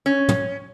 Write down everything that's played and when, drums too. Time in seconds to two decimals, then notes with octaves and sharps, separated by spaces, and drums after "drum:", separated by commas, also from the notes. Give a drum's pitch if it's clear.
0.06 C#4
0.29 drum: tom